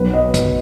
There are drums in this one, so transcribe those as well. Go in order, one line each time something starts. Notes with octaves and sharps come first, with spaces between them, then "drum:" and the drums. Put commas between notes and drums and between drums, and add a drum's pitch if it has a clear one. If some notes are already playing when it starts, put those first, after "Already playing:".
Already playing: B1 B2 F#3 B4
D#5
drum: kick, hi-hat